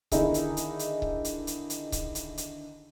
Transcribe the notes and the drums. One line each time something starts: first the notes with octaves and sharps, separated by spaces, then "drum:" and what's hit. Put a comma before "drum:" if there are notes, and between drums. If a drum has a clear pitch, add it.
D3 D#3 D#4 E4 G#4, drum: kick C#1, hi-hat
drum: hi-hat
drum: hi-hat
drum: hi-hat
drum: kick C#1
drum: hi-hat
drum: hi-hat
drum: hi-hat
drum: kick C#1, hi-hat
drum: hi-hat
drum: hi-hat